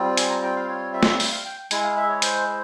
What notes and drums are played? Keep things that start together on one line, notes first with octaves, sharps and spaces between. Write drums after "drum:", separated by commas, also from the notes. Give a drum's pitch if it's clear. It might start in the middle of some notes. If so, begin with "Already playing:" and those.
Already playing: G3 C4 F4
G#5, drum: hi-hat
A#5
G5
F5
C#5
E5
drum: snare
E5, drum: open hi-hat
F5
G5
G#3 E4 G#5, drum: hi-hat
F5
E5
C#5
C5, drum: hi-hat
C5